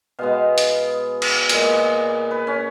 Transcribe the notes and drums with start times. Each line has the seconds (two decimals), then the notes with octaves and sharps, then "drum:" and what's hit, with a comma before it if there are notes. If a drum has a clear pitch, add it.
0.19 B2 G#3 B3 F5
0.58 drum: hi-hat
1.22 drum: cymbal
1.49 A#2 G#3 B3, drum: hi-hat
2.31 B4
2.47 C#4